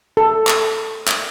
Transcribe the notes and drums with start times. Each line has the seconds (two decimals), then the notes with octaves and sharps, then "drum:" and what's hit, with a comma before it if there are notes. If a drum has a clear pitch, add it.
0.17 A4
0.47 drum: clap
1.08 drum: clap